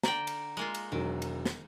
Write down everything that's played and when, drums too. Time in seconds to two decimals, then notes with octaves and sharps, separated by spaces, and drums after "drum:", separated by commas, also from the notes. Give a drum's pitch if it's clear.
0.04 D3 D5 G5 A#5, drum: snare
0.27 drum: cymbal
0.57 G#3 A#3 F4
0.74 drum: cymbal
0.92 E1 D#3 F#3
1.22 drum: cymbal
1.45 drum: snare